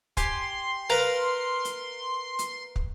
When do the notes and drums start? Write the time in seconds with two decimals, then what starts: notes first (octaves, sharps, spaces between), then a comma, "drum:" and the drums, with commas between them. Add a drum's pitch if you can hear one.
0.17 G4 G#5 C6, drum: kick, hi-hat
0.90 A#4 B4 F5 A#5
1.65 drum: hi-hat
2.39 drum: hi-hat
2.76 drum: kick